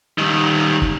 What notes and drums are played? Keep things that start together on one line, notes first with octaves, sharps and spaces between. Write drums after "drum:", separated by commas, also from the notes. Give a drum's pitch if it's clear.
D#3 G3
drum: kick